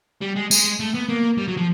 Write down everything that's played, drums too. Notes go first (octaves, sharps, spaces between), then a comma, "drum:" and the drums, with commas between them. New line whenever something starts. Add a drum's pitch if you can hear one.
G3
G#3
G#3, drum: tambourine
A3
B3
A#3
G3
F#3
F3